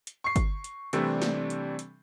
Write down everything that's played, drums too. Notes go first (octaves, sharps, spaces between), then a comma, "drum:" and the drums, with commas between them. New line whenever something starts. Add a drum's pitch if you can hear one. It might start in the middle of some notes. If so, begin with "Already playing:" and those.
drum: hi-hat
C#6 C7
drum: kick G1, hi-hat
drum: hi-hat
C3 E3 G3 A3 C4 D4, drum: hi-hat
drum: snare
drum: hi-hat
drum: hi-hat